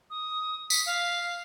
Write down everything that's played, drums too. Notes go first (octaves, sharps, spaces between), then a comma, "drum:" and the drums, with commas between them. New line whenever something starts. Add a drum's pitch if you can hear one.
D#6
B6, drum: tambourine
F5